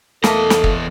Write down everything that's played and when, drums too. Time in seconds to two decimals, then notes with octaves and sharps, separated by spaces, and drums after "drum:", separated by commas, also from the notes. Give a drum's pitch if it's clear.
0.24 E2 A3 A#3 A4 D#5, drum: snare
0.50 drum: snare
0.64 drum: kick